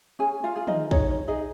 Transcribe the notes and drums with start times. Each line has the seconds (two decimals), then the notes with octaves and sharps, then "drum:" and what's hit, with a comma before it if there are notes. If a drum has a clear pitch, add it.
0.19 C#4 G#4 G#5
0.44 F4 F5
0.55 F4 G#4
0.67 D#4 D#5, drum: tom
0.91 D#4 C#5, drum: kick
1.11 C#5
1.28 D#4 G#4 D#5